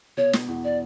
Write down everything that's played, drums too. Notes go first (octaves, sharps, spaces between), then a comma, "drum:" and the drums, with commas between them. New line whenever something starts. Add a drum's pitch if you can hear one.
B2 C#5
B2, drum: snare
E2
D5